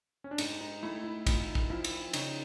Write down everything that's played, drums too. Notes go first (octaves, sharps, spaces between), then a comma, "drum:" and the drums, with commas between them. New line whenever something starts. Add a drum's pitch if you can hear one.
C#4
D4
G#2 D#4, drum: cymbal
D#4
A3 E4
E4
F2 D#4, drum: kick, cymbal
drum: kick
F3 E4
drum: cymbal
C#3 D#4, drum: cymbal